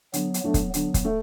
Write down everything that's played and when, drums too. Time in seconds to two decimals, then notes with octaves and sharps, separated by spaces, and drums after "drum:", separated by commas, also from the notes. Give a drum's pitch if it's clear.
0.13 D3 F#3 B3, drum: hi-hat
0.34 drum: hi-hat
0.44 F#3 A3 B3 D4
0.54 drum: kick, hi-hat
0.74 D3 F#3 B3, drum: hi-hat
0.94 drum: kick, hi-hat
1.05 A3